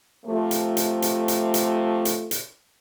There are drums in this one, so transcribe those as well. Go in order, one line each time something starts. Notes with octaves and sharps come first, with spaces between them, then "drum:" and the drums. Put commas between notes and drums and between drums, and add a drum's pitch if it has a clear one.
C3 F3 A3
drum: hi-hat
drum: hi-hat
drum: hi-hat
drum: hi-hat
drum: hi-hat
drum: hi-hat
drum: hi-hat